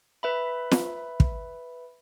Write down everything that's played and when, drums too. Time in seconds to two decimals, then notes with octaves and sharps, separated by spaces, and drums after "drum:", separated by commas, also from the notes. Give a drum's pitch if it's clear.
0.23 B4 E5 B5
0.71 drum: snare
1.20 drum: kick